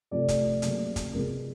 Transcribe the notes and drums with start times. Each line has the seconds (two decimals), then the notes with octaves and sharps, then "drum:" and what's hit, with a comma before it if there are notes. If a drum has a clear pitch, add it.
0.11 C3 F3 A3 D5
0.28 drum: kick, hi-hat
0.62 C#3 F#3 A#3, drum: hi-hat
0.96 drum: kick, hi-hat
1.13 C3 F3 G#3 B3 A#4